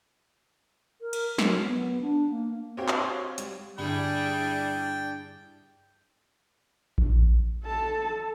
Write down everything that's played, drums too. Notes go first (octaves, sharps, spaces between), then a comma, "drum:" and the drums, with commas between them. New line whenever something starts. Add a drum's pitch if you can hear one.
A#4
drum: cymbal
F#3, drum: snare
B3
D4
A#3
C4 F#4 G4 C#5 F5 G5
drum: clap
G3, drum: hi-hat
G2 D3 G3 D4 E4 G#4 G5 B5
drum: kick A#1
A4 A5